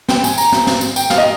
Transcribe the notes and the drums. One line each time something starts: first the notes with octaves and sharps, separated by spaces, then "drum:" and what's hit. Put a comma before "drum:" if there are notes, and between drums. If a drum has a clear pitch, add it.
G5, drum: snare
G#5, drum: tambourine
A#5, drum: tambourine
drum: snare
drum: snare
drum: tambourine
G5, drum: tambourine
F5, drum: snare
D#5